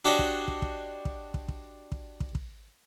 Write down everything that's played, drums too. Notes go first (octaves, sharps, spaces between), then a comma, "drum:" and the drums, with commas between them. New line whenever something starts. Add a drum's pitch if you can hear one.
D4 F#4 G4 C5 C#5 D#5
drum: kick
drum: kick
drum: kick
drum: kick
drum: kick
drum: kick
drum: kick
drum: kick
drum: kick